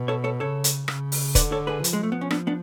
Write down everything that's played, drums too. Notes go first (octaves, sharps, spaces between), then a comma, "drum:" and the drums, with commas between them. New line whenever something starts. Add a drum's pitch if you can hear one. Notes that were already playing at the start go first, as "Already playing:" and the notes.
Already playing: B2
A4 C#5
A4 C#5
C#3 A4 C#5
drum: hi-hat
C#3, drum: rim click
drum: open hi-hat
D3 B4 D5, drum: kick, hi-hat
A4 C#5
G#4 B4
F3, drum: hi-hat
G#3
A3
B3
C#4
B3 D4, drum: rim click
B3 D4